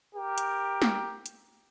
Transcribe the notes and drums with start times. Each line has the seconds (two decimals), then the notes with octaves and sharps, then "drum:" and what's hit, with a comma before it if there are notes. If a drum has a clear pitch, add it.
0.16 G4 A#4
0.38 drum: hi-hat
0.82 drum: snare
1.26 drum: hi-hat